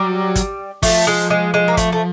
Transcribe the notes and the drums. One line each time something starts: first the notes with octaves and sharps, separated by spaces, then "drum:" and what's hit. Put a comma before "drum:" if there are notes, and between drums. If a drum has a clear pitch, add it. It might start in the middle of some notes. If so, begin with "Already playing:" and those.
Already playing: F#3 G3
drum: kick, hi-hat
F3 A3, drum: kick, open hi-hat
G#3
G#3
G#3
A#3
A3, drum: kick, hi-hat
A3